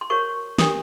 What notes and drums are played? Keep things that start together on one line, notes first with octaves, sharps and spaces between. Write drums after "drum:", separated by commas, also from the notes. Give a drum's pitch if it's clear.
C6
F#4 A#4 C#5 C#6
D4 G4 A#4 D#6, drum: snare